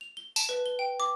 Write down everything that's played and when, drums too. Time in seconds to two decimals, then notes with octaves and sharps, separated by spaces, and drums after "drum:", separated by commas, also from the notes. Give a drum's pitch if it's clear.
0.01 F7
0.17 G7
0.36 A5, drum: tambourine
0.49 B4
0.66 G7
0.79 G5
1.00 D6